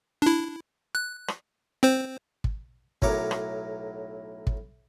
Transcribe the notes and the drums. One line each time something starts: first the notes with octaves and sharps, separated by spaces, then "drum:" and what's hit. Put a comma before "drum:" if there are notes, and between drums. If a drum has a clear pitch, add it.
D4 E4
F#6
drum: rim click
C4 C5
drum: kick
B1 A2 F#3 A#4 C#5 D6, drum: kick
drum: rim click
drum: kick